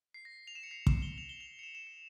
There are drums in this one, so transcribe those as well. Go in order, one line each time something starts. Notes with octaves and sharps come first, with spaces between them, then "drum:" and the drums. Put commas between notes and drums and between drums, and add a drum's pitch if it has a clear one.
C7
A#6
F7
E7
C#7
C7
E7, drum: kick
G7
F7
G7
F7
C#7
E7
E7
C#7